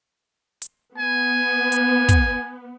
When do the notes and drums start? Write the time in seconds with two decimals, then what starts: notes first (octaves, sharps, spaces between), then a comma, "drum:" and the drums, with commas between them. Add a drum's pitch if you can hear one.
0.62 drum: hi-hat
0.98 B3 G#5
1.72 drum: hi-hat
2.09 drum: kick, hi-hat